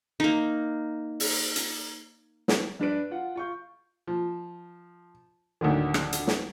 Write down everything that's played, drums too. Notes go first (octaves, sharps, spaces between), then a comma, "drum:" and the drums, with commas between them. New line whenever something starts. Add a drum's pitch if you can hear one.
A#3 D#4
drum: open hi-hat
drum: hi-hat
drum: snare
G2 D4 B4 D7
F4 F#5
F4 C#6 G6
F3
D2 A2 D3 D#3
drum: rim click
drum: hi-hat
drum: snare